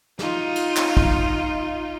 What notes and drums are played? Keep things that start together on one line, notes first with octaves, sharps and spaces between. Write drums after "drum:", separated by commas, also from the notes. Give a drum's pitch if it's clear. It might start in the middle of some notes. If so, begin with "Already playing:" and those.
D#4 F4, drum: snare
drum: cymbal
drum: clap
drum: kick